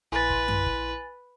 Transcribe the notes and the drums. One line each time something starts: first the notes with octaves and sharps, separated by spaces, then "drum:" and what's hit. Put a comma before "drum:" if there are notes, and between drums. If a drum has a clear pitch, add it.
A#1 E4 B4 G#5 C6 A6
drum: kick
drum: tom F#2
drum: kick